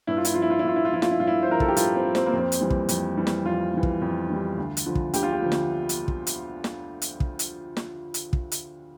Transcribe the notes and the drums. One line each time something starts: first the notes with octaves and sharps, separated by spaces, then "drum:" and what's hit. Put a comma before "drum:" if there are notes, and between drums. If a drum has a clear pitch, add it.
G2 E4
F4
E4, drum: hi-hat
F3 F4
E4
F4
E4
G2 F4
E4
F4
F3 E4
F4, drum: snare
E4
G2 F4
E4
C5
F3 A#4
A4, drum: kick
G4
G2 F4, drum: hi-hat
C4
F3
C4, drum: snare
A#3
F2 C4
drum: hi-hat
E3 G3
drum: kick
F2, drum: hi-hat
E3 G3
drum: snare
F2 F4
E3 G3
drum: kick
F2
E3 G3
D2
drum: hi-hat
D3 F3
drum: kick
D2 G4, drum: hi-hat
F4
G4
D3 F3
drum: snare
drum: hi-hat
drum: kick
drum: hi-hat
drum: snare
drum: hi-hat
drum: kick
drum: hi-hat
drum: snare
drum: hi-hat
drum: kick
drum: hi-hat